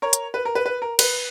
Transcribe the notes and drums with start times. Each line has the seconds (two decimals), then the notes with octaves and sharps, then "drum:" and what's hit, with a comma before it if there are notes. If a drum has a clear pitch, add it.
0.02 A#4 C#5
0.13 drum: hi-hat
0.34 B4
0.45 A#4
0.55 B4
0.66 B4
0.82 A#4
0.99 B4, drum: cymbal